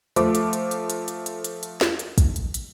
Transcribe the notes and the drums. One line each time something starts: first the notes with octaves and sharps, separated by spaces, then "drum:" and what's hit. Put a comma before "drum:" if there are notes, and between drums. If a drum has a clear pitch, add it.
F3 A3 D6, drum: hi-hat
drum: hi-hat
drum: hi-hat
drum: hi-hat
drum: hi-hat
drum: hi-hat
drum: hi-hat
drum: hi-hat
drum: hi-hat
drum: snare
drum: hi-hat
drum: kick, hi-hat
drum: hi-hat
drum: hi-hat